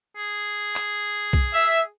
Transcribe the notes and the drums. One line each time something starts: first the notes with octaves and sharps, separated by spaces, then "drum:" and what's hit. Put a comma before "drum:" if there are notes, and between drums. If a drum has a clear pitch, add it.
G#4
drum: clap
drum: kick B1
E5